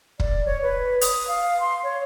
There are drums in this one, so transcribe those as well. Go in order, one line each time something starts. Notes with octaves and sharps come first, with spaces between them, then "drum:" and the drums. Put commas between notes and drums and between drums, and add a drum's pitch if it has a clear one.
D5, drum: kick
C#5
B4
D#6, drum: hi-hat
F5
C6
C#5